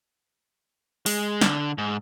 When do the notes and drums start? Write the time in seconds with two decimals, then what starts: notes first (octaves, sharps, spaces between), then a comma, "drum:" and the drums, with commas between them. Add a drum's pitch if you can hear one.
1.06 G#3, drum: open hi-hat
1.41 D3, drum: snare
1.78 G#2